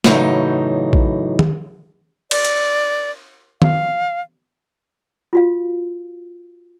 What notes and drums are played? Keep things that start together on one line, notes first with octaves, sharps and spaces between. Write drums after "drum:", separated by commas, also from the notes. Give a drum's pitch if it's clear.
F#2 A2 C#3 E3 F#3 D#4, drum: snare
drum: kick A#1
drum: tom D#3
D5, drum: cymbal
drum: hi-hat
F5, drum: tom D#3
F4 F#4 F5